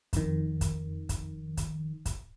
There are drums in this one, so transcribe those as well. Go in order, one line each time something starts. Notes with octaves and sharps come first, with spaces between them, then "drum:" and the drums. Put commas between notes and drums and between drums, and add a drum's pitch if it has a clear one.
F2 D#3, drum: kick, hi-hat
drum: kick, hi-hat
drum: kick, hi-hat
drum: kick, hi-hat
drum: kick, hi-hat